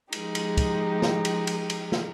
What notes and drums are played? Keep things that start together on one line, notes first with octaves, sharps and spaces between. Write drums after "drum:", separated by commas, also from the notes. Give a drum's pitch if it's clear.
F3 G#3 D#4 G4, drum: cymbal
drum: cymbal
drum: kick, cymbal
drum: snare
drum: cymbal
drum: cymbal
drum: cymbal
drum: snare